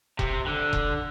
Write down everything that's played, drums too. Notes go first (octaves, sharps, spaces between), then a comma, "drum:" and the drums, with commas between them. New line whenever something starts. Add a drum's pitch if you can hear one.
C3, drum: kick E1
D3
drum: kick E1